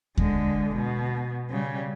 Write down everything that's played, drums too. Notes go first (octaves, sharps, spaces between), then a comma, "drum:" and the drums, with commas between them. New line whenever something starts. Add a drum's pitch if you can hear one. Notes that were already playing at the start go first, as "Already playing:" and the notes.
D3 G#3, drum: kick D#2
B2
C#3 G3